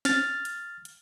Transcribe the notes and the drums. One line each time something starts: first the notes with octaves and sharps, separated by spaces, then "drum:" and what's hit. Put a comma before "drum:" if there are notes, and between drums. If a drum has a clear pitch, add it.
F6 A6, drum: snare
drum: hi-hat
drum: hi-hat